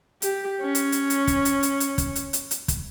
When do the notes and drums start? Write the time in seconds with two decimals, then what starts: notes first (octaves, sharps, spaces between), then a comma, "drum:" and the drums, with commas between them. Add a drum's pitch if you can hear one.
0.22 G4, drum: hi-hat
0.62 C#4
0.75 drum: hi-hat
0.92 drum: hi-hat
1.10 drum: hi-hat
1.27 drum: kick, hi-hat
1.45 drum: hi-hat
1.63 drum: hi-hat
1.80 drum: hi-hat
1.98 drum: kick, hi-hat
2.15 drum: hi-hat
2.33 drum: hi-hat
2.51 drum: hi-hat
2.68 drum: kick, hi-hat